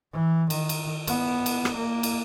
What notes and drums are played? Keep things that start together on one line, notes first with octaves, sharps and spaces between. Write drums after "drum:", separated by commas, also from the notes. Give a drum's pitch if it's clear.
E3
D#3, drum: cymbal
drum: cymbal
B3, drum: cymbal
drum: cymbal
drum: rim click
A#3
drum: cymbal